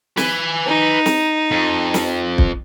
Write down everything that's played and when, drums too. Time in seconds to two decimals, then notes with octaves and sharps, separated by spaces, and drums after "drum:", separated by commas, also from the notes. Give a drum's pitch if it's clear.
0.17 B4 G#5, drum: snare
0.67 D#4
1.06 drum: snare
1.51 F2
1.94 drum: snare
2.38 drum: kick